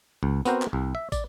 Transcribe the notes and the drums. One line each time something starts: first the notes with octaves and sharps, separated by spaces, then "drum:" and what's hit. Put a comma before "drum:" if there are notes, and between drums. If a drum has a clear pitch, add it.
C#2
B3 C4 F#4 A#4 C5, drum: tambourine
drum: clap
C2
E5
D5, drum: kick, tambourine